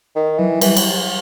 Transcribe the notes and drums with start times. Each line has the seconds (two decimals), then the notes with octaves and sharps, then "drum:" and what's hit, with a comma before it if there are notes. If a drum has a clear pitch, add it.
0.16 D#3
0.38 E3 F#3
0.61 E3 G3, drum: cymbal
0.77 drum: cymbal